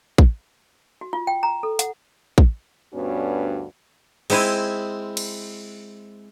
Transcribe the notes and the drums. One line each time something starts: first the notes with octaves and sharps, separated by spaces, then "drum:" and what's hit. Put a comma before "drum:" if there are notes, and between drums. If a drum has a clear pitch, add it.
drum: kick
F#4
F4
G5
A#5
A4
F#5, drum: hi-hat
drum: kick
D2 G2 B3 C#4 D4 F#4
G#3 C4 E4 C5 G#5, drum: cymbal
drum: cymbal